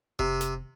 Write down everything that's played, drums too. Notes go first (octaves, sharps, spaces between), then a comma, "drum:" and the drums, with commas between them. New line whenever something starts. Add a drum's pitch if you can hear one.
C3, drum: kick F1
drum: snare